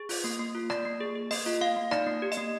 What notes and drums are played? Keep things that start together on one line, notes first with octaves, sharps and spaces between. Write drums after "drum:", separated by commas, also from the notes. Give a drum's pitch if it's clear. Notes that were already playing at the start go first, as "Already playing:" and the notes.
Already playing: G#4
F4, drum: open hi-hat
A#3
A#3
F4
A#3 D5, drum: rim click
A#3
G#4
G#4
A#3 D#5, drum: open hi-hat
F4
A#3 F5
A#3
D#4 D5, drum: rim click
A#3
G4
D#5, drum: hi-hat
A#3